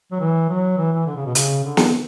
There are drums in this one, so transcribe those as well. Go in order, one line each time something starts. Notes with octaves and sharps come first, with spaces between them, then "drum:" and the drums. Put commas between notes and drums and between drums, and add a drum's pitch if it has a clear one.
F#3
E3
F#3
E3
E3
D3
C#3
B2
C#3, drum: hi-hat
D3
drum: snare